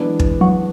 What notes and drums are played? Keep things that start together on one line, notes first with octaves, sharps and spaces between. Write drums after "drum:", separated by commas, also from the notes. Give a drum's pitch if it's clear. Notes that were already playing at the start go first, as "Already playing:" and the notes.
Already playing: E3 F#3 G#3 B3 D4
drum: kick
F#3